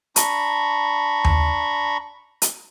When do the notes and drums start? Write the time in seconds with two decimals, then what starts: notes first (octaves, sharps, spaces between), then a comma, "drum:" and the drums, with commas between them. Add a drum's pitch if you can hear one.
0.16 D4 A#5 B5 C#6, drum: hi-hat
1.24 drum: tom D#2
2.42 drum: hi-hat